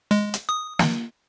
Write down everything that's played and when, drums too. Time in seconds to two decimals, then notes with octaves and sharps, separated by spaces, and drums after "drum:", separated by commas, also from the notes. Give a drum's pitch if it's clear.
0.11 G#3
0.34 drum: hi-hat
0.49 D#6
0.79 drum: snare